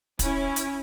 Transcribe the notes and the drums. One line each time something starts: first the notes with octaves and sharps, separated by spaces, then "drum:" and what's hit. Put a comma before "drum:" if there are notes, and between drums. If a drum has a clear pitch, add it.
C#4 E4, drum: kick, hi-hat
drum: hi-hat